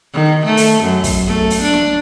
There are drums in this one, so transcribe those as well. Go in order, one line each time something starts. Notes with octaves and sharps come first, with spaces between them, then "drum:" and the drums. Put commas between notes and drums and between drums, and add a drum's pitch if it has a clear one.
D#3
A3
drum: open hi-hat
F#2
drum: kick, open hi-hat
A3
drum: open hi-hat
D4
drum: snare